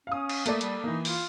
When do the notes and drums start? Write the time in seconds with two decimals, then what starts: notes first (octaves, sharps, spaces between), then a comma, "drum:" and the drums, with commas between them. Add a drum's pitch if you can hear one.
0.07 C#4 F5 D#6
0.29 drum: cymbal
0.46 A3 A#3 A4 D5, drum: hi-hat
0.61 G3, drum: hi-hat
0.84 E3 A#3 D#4
1.05 F4, drum: open hi-hat